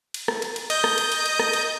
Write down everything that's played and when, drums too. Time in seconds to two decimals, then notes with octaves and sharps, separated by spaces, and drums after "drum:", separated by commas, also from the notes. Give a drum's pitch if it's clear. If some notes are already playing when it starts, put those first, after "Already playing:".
0.14 drum: cymbal
0.28 drum: rim click
0.42 drum: cymbal
0.56 drum: cymbal
0.70 D#5 G6, drum: cymbal
0.84 drum: rim click
0.98 drum: cymbal
1.12 drum: cymbal
1.26 drum: cymbal
1.39 drum: rim click
1.53 drum: cymbal